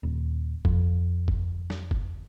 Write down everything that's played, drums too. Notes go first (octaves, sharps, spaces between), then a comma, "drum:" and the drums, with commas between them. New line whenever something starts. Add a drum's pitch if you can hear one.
D#1
F2, drum: kick
drum: kick
drum: snare
drum: kick